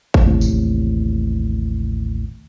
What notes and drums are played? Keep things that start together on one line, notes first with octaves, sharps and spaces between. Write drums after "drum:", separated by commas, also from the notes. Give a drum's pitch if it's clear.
drum: kick G1
A1 D#2 A2 C3
drum: tambourine